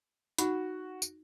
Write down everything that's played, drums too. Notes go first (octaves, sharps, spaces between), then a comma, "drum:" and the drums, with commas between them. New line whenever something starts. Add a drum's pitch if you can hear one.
D#4 F#4, drum: hi-hat
drum: tambourine